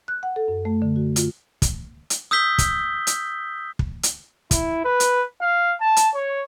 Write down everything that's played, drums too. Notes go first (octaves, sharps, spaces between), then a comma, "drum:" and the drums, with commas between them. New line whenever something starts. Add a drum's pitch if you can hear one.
F#6
F#5
A4
F#2
A3
D3
F#4
F4, drum: hi-hat
drum: kick, hi-hat
drum: hi-hat
D#6 E6 G6 B6 G7
drum: kick, hi-hat
drum: hi-hat
drum: kick
drum: hi-hat
E4, drum: kick, hi-hat
B4
drum: hi-hat
F5
A5
drum: hi-hat
C#5